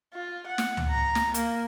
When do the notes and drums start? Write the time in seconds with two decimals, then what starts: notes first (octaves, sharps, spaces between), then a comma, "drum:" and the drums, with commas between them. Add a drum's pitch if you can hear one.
0.14 F4
0.46 F#5
0.58 drum: snare
0.77 drum: tom C#2
0.90 A#5
1.15 drum: snare
1.34 A#3, drum: hi-hat